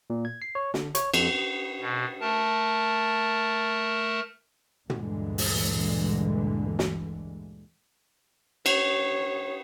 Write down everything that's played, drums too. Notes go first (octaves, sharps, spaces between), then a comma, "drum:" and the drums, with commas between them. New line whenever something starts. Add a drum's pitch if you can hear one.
A#2
G#6
C7
C#5
D3, drum: snare
C#5, drum: hi-hat
F2, drum: cymbal
B2
A3 A#4 A5
D2 G2 A#2 D3 E3 G#3, drum: tom
drum: open hi-hat
drum: snare
C#5, drum: cymbal